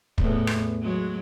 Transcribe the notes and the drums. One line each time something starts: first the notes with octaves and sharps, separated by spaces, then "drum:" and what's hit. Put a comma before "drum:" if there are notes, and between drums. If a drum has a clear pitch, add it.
E2 A2 B3, drum: kick
drum: rim click
F#3 G#3